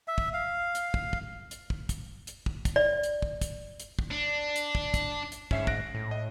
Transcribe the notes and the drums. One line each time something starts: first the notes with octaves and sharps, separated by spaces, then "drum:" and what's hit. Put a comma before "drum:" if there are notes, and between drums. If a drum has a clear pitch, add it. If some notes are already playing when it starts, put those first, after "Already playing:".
E5
drum: kick
F5
drum: hi-hat
drum: kick
drum: kick
drum: hi-hat
drum: kick
drum: kick, hi-hat
drum: hi-hat
drum: kick
drum: kick, hi-hat
D5
drum: hi-hat
drum: kick
drum: kick, hi-hat
drum: hi-hat
drum: kick
D4
drum: hi-hat
drum: kick
drum: kick, hi-hat
drum: hi-hat
G#2 C#4 E5 C7, drum: kick
F#6 A#6 D7, drum: kick
A2
D#5